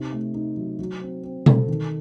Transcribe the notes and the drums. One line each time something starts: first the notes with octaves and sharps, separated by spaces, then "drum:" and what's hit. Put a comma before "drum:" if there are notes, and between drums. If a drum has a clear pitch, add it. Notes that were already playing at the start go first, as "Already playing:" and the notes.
Already playing: C3 D#4
A3
D#4
F#3
F#3
C4
C4
A4, drum: tom B2
D#3